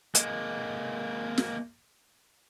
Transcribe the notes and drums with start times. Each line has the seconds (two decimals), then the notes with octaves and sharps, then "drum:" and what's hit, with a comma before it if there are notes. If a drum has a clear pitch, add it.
0.15 G#3 A#3, drum: hi-hat
1.38 drum: snare